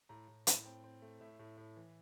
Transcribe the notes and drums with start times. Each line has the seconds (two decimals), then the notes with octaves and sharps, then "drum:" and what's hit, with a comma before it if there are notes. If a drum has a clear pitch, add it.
0.09 A2 A#5
0.28 A2
0.47 A2, drum: hi-hat
0.65 C4 G5
0.84 C4
1.02 A3
1.20 A2 E5
1.39 A2
1.57 A2
1.76 E3